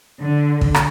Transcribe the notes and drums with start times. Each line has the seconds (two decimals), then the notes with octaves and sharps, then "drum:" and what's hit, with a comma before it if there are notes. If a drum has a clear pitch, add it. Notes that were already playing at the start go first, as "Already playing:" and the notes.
0.22 D3
0.61 drum: kick
0.74 drum: rim click